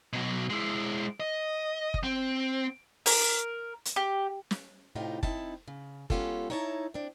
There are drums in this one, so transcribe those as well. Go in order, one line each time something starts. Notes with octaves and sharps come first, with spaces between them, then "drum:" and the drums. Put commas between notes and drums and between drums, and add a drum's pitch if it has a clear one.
B2 F#3
G#3 E4
D#5
drum: kick
C4
A#4, drum: open hi-hat
drum: hi-hat
G4
drum: snare
A2 C3 D#4 F4 G4
C4 D#4 E4 A5, drum: kick
C#3
G#3 B3 C#4 F4 G4 A4, drum: kick
D#4 E4 C#5 E5 A5 A#5
C4 D4